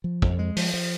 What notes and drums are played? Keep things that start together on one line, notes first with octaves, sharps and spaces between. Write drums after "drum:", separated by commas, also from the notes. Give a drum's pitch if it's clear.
F3
F2, drum: kick
G#3
F3, drum: open hi-hat
F3